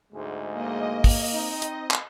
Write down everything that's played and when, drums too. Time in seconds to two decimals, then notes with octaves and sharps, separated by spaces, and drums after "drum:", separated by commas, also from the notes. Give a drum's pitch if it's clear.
0.13 D2 G#2 G#3
0.54 A#3 D#5
1.04 drum: kick, open hi-hat
1.33 C4 D#4
1.62 drum: hi-hat
1.91 drum: clap